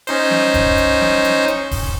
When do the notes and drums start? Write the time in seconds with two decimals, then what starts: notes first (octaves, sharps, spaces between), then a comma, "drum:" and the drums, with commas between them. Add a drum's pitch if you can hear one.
0.07 C#4 D#4 C5, drum: hi-hat
0.31 drum: snare
0.54 drum: kick D#1, hi-hat
0.78 drum: hi-hat
1.01 drum: snare
1.24 drum: hi-hat
1.48 drum: hi-hat
1.71 drum: kick D#1, open hi-hat